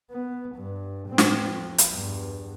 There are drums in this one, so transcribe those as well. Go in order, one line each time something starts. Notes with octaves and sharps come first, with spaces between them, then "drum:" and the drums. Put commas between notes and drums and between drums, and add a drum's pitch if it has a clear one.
B3
G2
A2 C4
drum: snare
F2
drum: hi-hat
E2 G2